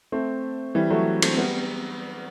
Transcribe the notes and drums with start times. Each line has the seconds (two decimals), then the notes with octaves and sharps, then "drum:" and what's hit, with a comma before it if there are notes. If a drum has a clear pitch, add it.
0.12 A3 C4
0.75 E3 G3
0.90 F#3 A3
1.22 A3 C4, drum: cymbal
1.38 G3 B3